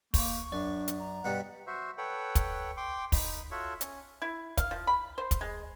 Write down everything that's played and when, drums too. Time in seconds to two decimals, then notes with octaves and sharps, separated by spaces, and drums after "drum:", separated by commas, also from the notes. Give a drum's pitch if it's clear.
0.14 A#3 C#6, drum: kick, open hi-hat
0.52 F#2 D4 D5
0.88 drum: hi-hat
0.99 A#5
1.24 G2 B2 G3 F#5
1.67 F#4 C5 E5
1.98 A4 B4 C#5 F#5 G5
2.35 drum: kick, hi-hat
2.77 G5 C6 D6
3.12 D#4 B5, drum: kick, open hi-hat
3.51 F4 F#4 A4 C#5 E5
3.81 C#4, drum: hi-hat
4.22 E4
4.57 F5, drum: kick, hi-hat
4.71 F3
4.87 B5
5.18 C5
5.31 drum: kick, hi-hat
5.41 G#3